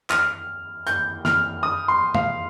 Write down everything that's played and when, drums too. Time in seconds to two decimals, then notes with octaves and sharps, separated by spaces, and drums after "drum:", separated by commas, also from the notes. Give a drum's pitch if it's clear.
0.10 F6, drum: clap
0.87 G6, drum: hi-hat
1.25 F6, drum: snare
1.63 D#6
1.88 C6
2.15 F5, drum: tom